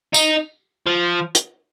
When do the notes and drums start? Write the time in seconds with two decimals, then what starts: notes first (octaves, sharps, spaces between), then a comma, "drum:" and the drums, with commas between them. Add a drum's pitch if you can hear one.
0.14 D#4, drum: tambourine
0.87 F3
1.35 drum: hi-hat